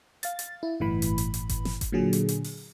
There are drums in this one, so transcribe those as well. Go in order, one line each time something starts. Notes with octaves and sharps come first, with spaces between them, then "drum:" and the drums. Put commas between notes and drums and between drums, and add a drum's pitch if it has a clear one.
F5 A6, drum: hi-hat
drum: hi-hat
E4
G1 A2 E3 B5
drum: hi-hat
drum: hi-hat
drum: hi-hat
drum: kick G1, hi-hat
drum: snare
drum: kick G1, hi-hat
A#2 D3 F#3 G#4
drum: hi-hat
drum: hi-hat
drum: open hi-hat